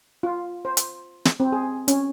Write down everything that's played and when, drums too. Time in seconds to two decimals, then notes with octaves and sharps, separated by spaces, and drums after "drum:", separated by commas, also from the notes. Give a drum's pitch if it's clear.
0.23 F4
0.65 C5
0.77 drum: hi-hat
1.25 drum: snare
1.40 C4
1.52 G#4
1.88 C#4, drum: hi-hat